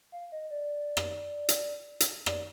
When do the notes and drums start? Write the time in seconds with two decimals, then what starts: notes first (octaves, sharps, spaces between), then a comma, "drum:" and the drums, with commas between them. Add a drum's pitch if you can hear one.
0.12 F5
0.32 D#5
0.51 D5
0.97 drum: rim click
1.49 drum: hi-hat
2.00 drum: hi-hat
2.26 D5, drum: rim click